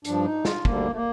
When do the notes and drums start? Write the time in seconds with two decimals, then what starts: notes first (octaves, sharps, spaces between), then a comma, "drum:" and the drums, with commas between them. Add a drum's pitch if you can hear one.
0.05 G2 F3 D4, drum: hi-hat
0.24 D#4
0.45 F4, drum: snare
0.65 D2 D3 G3 A#3, drum: kick
0.92 A3
0.95 A#3